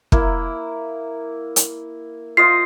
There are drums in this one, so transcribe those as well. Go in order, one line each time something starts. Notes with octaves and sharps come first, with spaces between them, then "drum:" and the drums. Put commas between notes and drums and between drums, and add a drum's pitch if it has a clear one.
A#3 E4, drum: kick
drum: hi-hat
F4 C5 D#5 C7